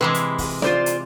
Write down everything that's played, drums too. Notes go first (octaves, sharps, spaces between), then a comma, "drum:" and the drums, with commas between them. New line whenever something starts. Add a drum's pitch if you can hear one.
C3 E3 G#3 B4
drum: hi-hat
drum: kick, open hi-hat
F4 C5 D5, drum: rim click
drum: hi-hat